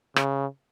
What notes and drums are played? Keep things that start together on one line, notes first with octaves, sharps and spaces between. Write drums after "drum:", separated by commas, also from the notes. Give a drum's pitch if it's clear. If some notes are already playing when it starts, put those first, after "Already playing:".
C#3, drum: rim click